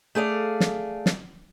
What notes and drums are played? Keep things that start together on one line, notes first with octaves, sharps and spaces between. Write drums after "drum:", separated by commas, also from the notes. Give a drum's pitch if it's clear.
A3 G#4 D5 F5
drum: snare
drum: snare